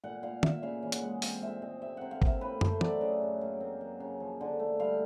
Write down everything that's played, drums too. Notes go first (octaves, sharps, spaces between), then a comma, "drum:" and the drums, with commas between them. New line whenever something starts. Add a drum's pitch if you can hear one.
A#2 F#5
A#2 F5
A#2 E5, drum: tom
C#3 F5
E3
F#5, drum: hi-hat
G#3
C4 F5, drum: open hi-hat
A#2 E5
C4 D#5
C3 E5
C3 F#5
F5
A#3 E5, drum: kick G#1
A2 B4
A3 C5, drum: tom
F#3 D5, drum: tom
C#3 D#5
F#2
A#3
C4
F#3
C#3
F3
D3
A3
G3 F5